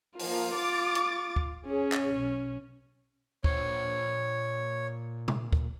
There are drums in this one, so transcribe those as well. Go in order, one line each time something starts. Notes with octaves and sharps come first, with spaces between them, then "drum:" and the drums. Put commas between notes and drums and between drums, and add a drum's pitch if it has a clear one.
F3 A#3 F4, drum: open hi-hat
D6 A6
drum: hi-hat
drum: kick
C#4 G#4 C#5
drum: clap
B1
A#2 F4 C5 C#5, drum: kick
drum: tom B2
drum: kick